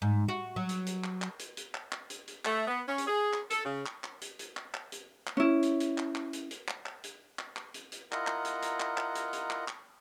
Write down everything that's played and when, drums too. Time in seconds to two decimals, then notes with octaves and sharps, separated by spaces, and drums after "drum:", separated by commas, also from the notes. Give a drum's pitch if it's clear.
0.02 G#2
0.28 F#4
0.56 F#3
0.69 drum: hi-hat
0.86 drum: hi-hat
1.04 drum: clap
1.22 drum: clap
1.39 drum: hi-hat
1.57 drum: hi-hat
1.75 drum: clap
1.92 drum: clap
2.10 drum: hi-hat
2.27 drum: hi-hat
2.45 A3, drum: clap
2.68 B3
2.88 C#4
2.98 drum: hi-hat
3.07 G#4
3.33 drum: clap
3.50 A4, drum: hi-hat
3.65 C#3
3.86 drum: clap
4.04 drum: clap
4.21 drum: hi-hat
4.39 drum: hi-hat
4.57 drum: clap
4.74 drum: clap
4.92 drum: hi-hat
5.27 drum: clap
5.37 C#4 E4
5.62 drum: hi-hat
5.80 drum: hi-hat
5.98 drum: clap
6.15 drum: clap
6.33 drum: hi-hat
6.51 drum: hi-hat
6.68 drum: clap
6.86 drum: clap
7.04 drum: hi-hat
7.39 drum: clap
7.56 drum: clap
7.74 drum: hi-hat
7.92 drum: hi-hat
8.12 E4 F4 A#4 D#5 F#5 A#5, drum: clap
8.27 drum: clap
8.45 drum: hi-hat
8.62 drum: hi-hat
8.80 drum: clap
8.97 drum: clap
9.15 drum: hi-hat
9.33 drum: hi-hat
9.50 drum: clap
9.68 drum: clap